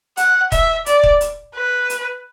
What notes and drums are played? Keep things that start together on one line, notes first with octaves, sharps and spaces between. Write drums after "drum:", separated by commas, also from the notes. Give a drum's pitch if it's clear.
F#5, drum: hi-hat
E5, drum: kick D#1, hi-hat
D5, drum: hi-hat
drum: kick D#1
drum: hi-hat
B4
drum: hi-hat